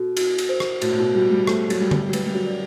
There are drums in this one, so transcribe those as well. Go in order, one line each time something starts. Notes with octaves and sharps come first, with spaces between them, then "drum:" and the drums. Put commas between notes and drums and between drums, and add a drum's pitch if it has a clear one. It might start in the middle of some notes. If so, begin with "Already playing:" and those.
Already playing: B2 F#4 A4
F#4, drum: cymbal
drum: cymbal
C5
drum: rim click
A2 F#4, drum: cymbal
A2
B2
G3 F#4
G3
A3 C5, drum: rim click
F#3, drum: cymbal
G3 F#4
drum: tom D3
F#3
G3 B4, drum: cymbal
G3
F#3
D5